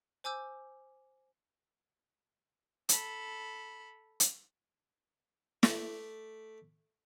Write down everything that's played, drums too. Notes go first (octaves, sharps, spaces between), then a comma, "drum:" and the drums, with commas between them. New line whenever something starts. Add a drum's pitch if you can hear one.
C5 G#5 D6 E6 G6
A4 B5, drum: hi-hat
drum: hi-hat
A3 D5, drum: snare